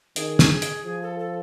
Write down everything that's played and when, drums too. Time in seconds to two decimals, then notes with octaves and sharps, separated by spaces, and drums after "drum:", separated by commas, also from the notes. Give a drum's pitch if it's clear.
0.16 D#3 G#4, drum: hi-hat
0.39 drum: snare
0.51 G#4
0.62 drum: hi-hat
0.85 F3 G#4
1.02 A4
1.19 A4